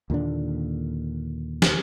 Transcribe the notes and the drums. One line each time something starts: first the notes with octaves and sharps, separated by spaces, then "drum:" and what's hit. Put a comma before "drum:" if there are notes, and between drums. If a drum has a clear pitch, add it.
D#2 A#2 D3 D4
drum: snare